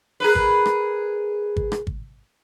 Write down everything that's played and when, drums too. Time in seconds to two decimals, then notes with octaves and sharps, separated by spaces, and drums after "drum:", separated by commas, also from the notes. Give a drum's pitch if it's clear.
0.20 G#4 A#4 B4
0.35 drum: kick
0.66 drum: rim click
1.56 drum: kick
1.72 drum: rim click
1.87 drum: kick